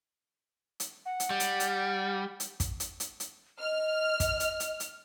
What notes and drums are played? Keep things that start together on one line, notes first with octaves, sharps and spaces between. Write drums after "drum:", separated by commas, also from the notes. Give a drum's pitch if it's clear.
drum: hi-hat
F#5
drum: hi-hat
G3
drum: hi-hat
drum: hi-hat
drum: hi-hat
drum: kick, hi-hat
drum: hi-hat
drum: hi-hat
drum: hi-hat
D#5 F6
drum: kick, hi-hat
drum: hi-hat
drum: hi-hat
drum: hi-hat